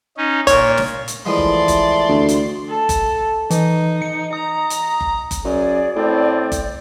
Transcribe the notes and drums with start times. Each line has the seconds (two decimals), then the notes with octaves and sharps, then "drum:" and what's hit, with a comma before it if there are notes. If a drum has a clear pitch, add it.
0.17 C#4 D#4
0.47 A#2 C#5, drum: kick F#1, hi-hat
0.77 drum: snare
1.08 drum: hi-hat
1.26 E3 F3 G#3 A3 D5 C6
1.38 drum: kick F#1
1.68 drum: kick F#1, hi-hat
2.09 D2
2.29 drum: hi-hat
2.69 A4
2.89 drum: kick F#1, hi-hat
3.51 E3 D#4, drum: hi-hat
4.02 C#7
4.33 A#5 D#6
4.70 drum: hi-hat
5.00 drum: kick F#1
5.31 drum: kick F#1, hi-hat
5.45 F#2 G#4 D5
5.96 A2 C4
6.52 drum: kick F#1, hi-hat